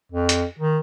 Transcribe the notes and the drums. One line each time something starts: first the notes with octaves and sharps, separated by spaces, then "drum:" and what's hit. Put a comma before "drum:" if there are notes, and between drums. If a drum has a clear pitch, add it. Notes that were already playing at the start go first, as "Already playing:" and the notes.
F2
drum: hi-hat
D#3